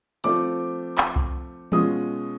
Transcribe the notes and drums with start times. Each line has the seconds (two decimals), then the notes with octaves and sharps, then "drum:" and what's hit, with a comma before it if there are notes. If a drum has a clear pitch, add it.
0.24 F3 A3 C4 F4 D6, drum: hi-hat
0.98 drum: clap
1.16 drum: kick C2
1.72 B2 G#3 C#4 F4 D#6, drum: tom E3